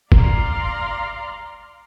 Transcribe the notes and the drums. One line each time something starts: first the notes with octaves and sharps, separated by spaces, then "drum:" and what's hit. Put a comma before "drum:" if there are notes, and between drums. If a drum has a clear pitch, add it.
D5 F5 A#5 C6, drum: kick F1